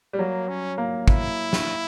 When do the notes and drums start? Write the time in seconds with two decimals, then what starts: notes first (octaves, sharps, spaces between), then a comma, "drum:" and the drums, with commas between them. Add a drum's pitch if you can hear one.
0.13 G3
0.19 F#3 A#3
0.48 C#4
0.78 A#3
1.08 E4, drum: kick
1.53 drum: snare